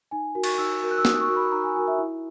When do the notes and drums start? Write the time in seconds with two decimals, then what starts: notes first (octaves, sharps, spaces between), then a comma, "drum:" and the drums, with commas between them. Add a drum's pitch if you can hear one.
0.11 D#4 G#5
0.35 F#4 A#4
0.44 C#6, drum: cymbal
0.58 D#4 E6
0.82 F#4 A#4
0.91 F#6
0.98 E6
1.05 D#4 D#6, drum: snare
1.20 C#6
1.28 F#4 A#4
1.36 B5
1.52 D#4 A#5
1.64 G#5
1.75 F#4 A#4 G#5
1.88 E5
1.98 E4